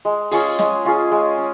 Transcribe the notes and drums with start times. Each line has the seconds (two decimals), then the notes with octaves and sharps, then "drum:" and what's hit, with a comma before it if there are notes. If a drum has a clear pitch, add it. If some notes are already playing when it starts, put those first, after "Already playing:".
0.05 G#3
0.31 C#4 F4 G#4, drum: open hi-hat
0.59 G#3, drum: snare
0.85 C#4 F4 G#4
1.11 G#3
1.38 C#4